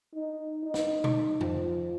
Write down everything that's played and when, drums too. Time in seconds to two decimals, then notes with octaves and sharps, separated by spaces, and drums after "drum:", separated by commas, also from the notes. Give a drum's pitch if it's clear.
0.14 D#4
0.64 D#4
0.74 drum: snare
1.04 drum: tom B2
1.41 F3, drum: tom F2